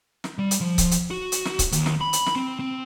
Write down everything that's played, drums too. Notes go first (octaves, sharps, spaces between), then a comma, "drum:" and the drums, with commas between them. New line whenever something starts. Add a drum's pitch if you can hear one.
drum: snare
G3
drum: hi-hat
F3
drum: kick C#1, hi-hat
drum: hi-hat
F#4
drum: hi-hat
drum: snare
drum: kick C#1, hi-hat
D#2, drum: hi-hat
drum: snare
B5
drum: hi-hat
drum: snare
C4
C4